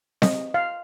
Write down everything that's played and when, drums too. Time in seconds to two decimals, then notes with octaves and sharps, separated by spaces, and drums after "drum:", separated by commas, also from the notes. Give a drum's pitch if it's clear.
0.22 D#5, drum: snare C4
0.54 F5